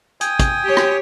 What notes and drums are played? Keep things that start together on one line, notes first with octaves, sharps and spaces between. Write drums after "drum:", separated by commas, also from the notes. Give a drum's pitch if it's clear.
G5 G#5 D#6, drum: hi-hat
drum: kick, hi-hat
G4 C#5
drum: rim click